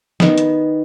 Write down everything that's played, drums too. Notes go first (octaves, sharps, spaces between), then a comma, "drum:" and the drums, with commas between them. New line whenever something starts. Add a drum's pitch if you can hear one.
D#3 B3, drum: snare
drum: hi-hat